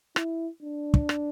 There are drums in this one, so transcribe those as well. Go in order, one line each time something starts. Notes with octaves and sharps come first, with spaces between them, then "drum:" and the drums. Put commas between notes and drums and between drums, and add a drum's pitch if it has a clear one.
E4, drum: rim click
D4
drum: kick
drum: rim click